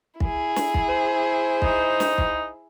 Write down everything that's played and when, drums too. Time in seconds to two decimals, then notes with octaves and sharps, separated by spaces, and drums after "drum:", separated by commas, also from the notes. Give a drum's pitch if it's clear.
0.20 E4 G#4, drum: kick
0.56 drum: snare
0.74 drum: kick
0.89 C5
1.62 D#4, drum: kick
2.00 drum: snare
2.18 drum: kick